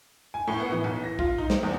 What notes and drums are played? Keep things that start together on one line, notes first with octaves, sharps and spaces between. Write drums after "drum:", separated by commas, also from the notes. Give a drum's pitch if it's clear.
G#5
A2
B3
E3
B1
A#6
F4, drum: kick B1
D#4
C4, drum: snare
E2